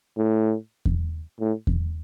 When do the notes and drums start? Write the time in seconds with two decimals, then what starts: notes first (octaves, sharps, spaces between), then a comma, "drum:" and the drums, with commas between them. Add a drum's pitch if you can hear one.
0.18 A2
0.85 drum: kick E2
1.40 A2
1.67 drum: kick E2